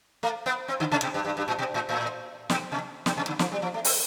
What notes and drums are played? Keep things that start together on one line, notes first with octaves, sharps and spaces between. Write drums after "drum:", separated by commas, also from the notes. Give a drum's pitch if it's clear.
A3
B3
C4
D3
C3
B2
G2
G2
G2
A2
B2
A2
A2
B2, drum: snare
C3
B2, drum: snare
C3
D3
F3, drum: snare
G3
F3
A3
C4, drum: open hi-hat